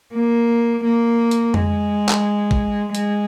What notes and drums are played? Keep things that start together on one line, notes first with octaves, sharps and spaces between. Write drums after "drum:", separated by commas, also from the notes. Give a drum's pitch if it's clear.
A#3
A#3
drum: hi-hat
G#3, drum: tom F2
drum: clap
drum: kick
G#3, drum: hi-hat